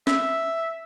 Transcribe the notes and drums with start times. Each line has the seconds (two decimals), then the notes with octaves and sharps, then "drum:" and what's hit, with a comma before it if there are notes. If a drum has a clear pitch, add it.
0.07 E5, drum: snare